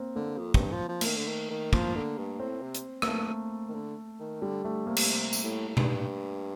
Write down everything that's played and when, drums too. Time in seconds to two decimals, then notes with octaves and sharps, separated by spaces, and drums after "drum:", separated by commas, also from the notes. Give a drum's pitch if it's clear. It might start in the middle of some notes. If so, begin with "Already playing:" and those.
Already playing: A#3 C4
0.15 D3 A#3
0.39 F2
0.54 G2, drum: kick
0.72 F3
0.88 F3
1.01 A#3, drum: cymbal
1.05 D#3 A3
1.17 D3
1.28 D#3
1.50 D#3
1.73 F3 A#3, drum: kick
1.95 D3
2.18 G2
2.39 A2 C4
2.62 C3
2.74 drum: hi-hat
3.02 A#3, drum: rim click
3.07 A3
3.68 D#3
3.75 D3
4.20 D#3
4.42 D3 G3
4.64 D3 A3
4.86 C3 A#3
4.97 drum: cymbal
5.10 C3
5.33 drum: tambourine
5.43 A2
5.69 A2
5.77 G2, drum: tom B2